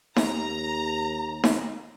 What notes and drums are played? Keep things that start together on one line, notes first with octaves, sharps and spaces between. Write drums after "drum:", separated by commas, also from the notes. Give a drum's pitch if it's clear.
D#2 A#5, drum: snare D#4
drum: snare D#4